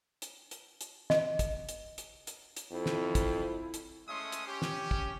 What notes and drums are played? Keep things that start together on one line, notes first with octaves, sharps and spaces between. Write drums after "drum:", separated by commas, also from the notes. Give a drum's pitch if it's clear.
drum: hi-hat
drum: hi-hat
drum: hi-hat
D#5, drum: snare
drum: kick, hi-hat
drum: hi-hat
drum: hi-hat
drum: hi-hat
drum: hi-hat
F2 E4
drum: snare
drum: kick, hi-hat
drum: hi-hat
G#3 A3 C#4 E5 C6 D#6
drum: hi-hat
C#4 G4
drum: snare
drum: kick